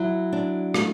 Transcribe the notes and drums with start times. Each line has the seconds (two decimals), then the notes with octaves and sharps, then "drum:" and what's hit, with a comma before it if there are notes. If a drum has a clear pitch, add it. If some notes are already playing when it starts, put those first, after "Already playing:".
Already playing: F#3 E4
0.32 D4
0.74 A3, drum: rim click